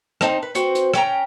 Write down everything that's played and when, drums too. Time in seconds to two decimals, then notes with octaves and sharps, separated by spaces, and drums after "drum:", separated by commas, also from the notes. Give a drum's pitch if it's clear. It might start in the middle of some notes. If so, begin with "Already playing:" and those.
0.21 C4 D#4 D#5 A5, drum: rim click
0.43 B4
0.55 C4 F#4 B4 C5, drum: hi-hat
0.75 drum: hi-hat
0.94 C#4 G5 A#5, drum: rim click